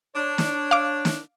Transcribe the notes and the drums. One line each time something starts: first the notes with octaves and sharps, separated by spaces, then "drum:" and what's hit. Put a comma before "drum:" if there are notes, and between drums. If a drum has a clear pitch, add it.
D4 C#5
drum: snare
F5 D6
drum: snare